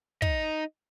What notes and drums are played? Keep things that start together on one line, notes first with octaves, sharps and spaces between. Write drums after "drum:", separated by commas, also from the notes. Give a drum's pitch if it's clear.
D#4 D#5, drum: kick